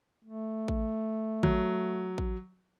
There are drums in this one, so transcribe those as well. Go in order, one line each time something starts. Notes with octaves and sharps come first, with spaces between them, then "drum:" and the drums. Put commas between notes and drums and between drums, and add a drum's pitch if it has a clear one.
A3
drum: kick A1
F#3, drum: kick A1
drum: kick A1